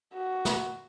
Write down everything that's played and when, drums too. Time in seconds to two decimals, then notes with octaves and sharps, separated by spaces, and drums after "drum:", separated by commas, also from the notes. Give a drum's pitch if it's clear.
0.14 F#4
0.45 drum: snare